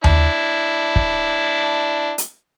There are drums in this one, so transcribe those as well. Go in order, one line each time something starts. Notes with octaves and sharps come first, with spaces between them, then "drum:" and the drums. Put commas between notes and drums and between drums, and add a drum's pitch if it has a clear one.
D4 E4, drum: tom D#2
drum: kick
drum: hi-hat